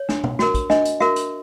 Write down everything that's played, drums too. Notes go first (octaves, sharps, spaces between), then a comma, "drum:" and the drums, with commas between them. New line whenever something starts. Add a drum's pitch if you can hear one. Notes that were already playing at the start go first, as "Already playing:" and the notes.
Already playing: C#5
D4, drum: snare
drum: tom B2
F#4 A#4, drum: snare
drum: kick, hi-hat
D4 D#5, drum: snare
drum: hi-hat
F#4 A#4 E5, drum: snare
drum: hi-hat